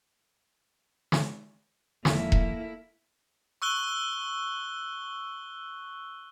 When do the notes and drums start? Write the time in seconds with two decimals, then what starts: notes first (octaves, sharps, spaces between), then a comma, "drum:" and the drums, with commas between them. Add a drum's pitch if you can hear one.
1.12 drum: snare
2.05 E1 D#3 F3 A3 A#3 E4, drum: snare
2.32 drum: kick E1
3.62 C#6 E6 F#6 G7